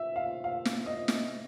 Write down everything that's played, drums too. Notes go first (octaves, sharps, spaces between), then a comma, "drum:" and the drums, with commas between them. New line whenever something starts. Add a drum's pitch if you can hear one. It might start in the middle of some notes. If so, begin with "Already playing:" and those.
Already playing: E5
F5
F5
drum: snare
D#5
drum: snare